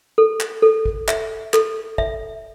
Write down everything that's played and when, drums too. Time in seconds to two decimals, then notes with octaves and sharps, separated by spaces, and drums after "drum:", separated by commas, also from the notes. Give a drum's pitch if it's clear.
0.18 A4
0.40 drum: clap
0.62 A4
0.86 drum: kick
1.08 E5, drum: clap
1.53 A4, drum: clap
1.98 E5, drum: kick